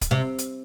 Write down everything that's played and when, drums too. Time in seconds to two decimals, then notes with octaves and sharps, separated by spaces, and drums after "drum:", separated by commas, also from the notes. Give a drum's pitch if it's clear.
0.01 drum: kick, hi-hat
0.11 C3
0.38 drum: hi-hat